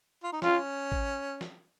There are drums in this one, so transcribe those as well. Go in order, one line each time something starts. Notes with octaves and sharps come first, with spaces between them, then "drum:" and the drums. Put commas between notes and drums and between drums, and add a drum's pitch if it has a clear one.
F4
D#4
C#4 F4, drum: snare
drum: kick A1
drum: snare